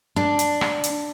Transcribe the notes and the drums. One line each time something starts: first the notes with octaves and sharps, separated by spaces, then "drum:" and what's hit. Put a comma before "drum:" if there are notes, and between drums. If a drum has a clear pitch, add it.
D4
drum: hi-hat
drum: rim click
drum: hi-hat